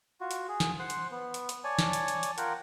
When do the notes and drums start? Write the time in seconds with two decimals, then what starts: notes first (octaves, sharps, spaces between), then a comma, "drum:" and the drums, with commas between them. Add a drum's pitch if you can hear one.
0.21 F4 F#4
0.31 drum: hi-hat
0.49 G#4
0.60 drum: snare
0.79 C5 F#5 C6
0.90 drum: hi-hat
1.11 B3
1.34 drum: hi-hat
1.49 drum: hi-hat
1.64 C#5 D5 G#5 A5
1.79 drum: snare
1.93 drum: hi-hat
2.08 drum: hi-hat
2.23 drum: hi-hat
2.38 F4 A#4 F#5 G5, drum: hi-hat